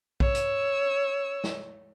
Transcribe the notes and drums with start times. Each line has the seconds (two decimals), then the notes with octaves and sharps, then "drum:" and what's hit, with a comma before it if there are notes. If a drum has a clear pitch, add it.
0.20 C#5 E6, drum: kick
0.35 drum: hi-hat
1.44 drum: snare